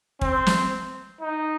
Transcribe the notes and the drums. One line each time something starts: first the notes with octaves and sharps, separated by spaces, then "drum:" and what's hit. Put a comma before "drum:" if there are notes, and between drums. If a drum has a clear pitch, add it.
C4, drum: kick
drum: snare
D#4